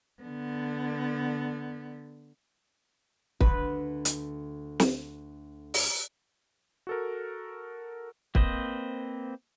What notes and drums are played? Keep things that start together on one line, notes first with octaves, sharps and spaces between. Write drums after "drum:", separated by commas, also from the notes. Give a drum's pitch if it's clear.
D3 B3
D2 B4, drum: kick
drum: hi-hat
drum: snare
drum: open hi-hat
F#4 A4 A#4
A#3 C4 B4 C5 D#5, drum: kick